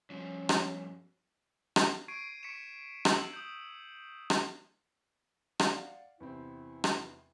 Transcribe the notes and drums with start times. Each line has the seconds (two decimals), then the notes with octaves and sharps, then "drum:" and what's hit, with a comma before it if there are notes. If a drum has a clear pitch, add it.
0.10 G2 F3 C#4
0.49 drum: rim click
1.76 drum: rim click
2.08 C#6 G#6 C7 D7 D#7
2.43 C#6 B6 C#7 D7 E7
3.05 E6 F#7, drum: rim click
3.33 D#6 G6
4.30 drum: rim click
5.59 D5 F5 F#5, drum: rim click
6.20 E2 C3 C4 E4
6.84 drum: rim click